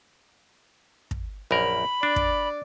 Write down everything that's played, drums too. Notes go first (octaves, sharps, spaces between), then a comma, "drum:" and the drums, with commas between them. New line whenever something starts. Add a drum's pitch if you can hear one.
drum: kick
A#1 F#2 A#4 B5
D4 D5
drum: kick